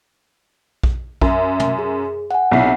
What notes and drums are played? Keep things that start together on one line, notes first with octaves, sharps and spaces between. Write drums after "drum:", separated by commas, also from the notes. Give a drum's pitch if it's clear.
drum: kick A#1
F#2 E5, drum: kick A#1
drum: tom
G#4
F#5 G#5
B1 C3 E4